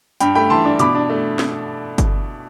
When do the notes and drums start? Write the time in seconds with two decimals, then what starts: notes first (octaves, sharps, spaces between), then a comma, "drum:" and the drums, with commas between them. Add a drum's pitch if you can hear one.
0.20 G2 G5 B5, drum: hi-hat
0.35 A3 G5 B5
0.50 E3 A5 C6
0.65 D4
0.79 B2 B5 D6, drum: hi-hat
0.95 D4
1.10 A3
1.39 drum: snare
1.98 drum: kick G1, hi-hat